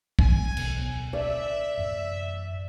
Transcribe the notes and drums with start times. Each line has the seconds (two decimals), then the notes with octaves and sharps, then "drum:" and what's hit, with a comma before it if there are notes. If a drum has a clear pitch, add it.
0.19 G#5, drum: kick
0.57 D1 B1 B3, drum: cymbal
1.13 D5 E5
1.78 A1 F#2